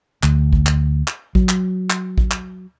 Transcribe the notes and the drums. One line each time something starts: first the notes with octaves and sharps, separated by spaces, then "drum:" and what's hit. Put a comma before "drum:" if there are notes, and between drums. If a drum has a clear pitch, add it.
D2, drum: clap
drum: kick A1
drum: clap
drum: clap
F#3, drum: kick A1
drum: clap
drum: clap
drum: kick A1
drum: clap